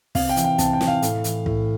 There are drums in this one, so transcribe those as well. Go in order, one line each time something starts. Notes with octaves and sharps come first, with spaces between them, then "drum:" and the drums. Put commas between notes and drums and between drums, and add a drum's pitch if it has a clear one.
C3 F5, drum: kick, open hi-hat
G5
E3, drum: hi-hat
G5
C3 A5, drum: kick, hi-hat
G5
E3, drum: snare
F5
A2, drum: hi-hat
E3, drum: hi-hat
A2, drum: kick